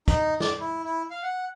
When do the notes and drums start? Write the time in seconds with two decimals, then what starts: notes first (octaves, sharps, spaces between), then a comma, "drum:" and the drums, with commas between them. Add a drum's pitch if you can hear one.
0.08 D#4, drum: kick, hi-hat
0.40 D5, drum: snare
0.60 E4
0.84 E4
1.11 F5
1.23 F#5